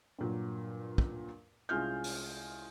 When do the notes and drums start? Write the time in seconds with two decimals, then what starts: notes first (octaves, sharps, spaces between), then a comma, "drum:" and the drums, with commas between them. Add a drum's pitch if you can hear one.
0.19 G2 A#2 F#3
0.98 drum: kick
1.69 C2 G#3 C#4 F4 F6 G6
2.04 drum: open hi-hat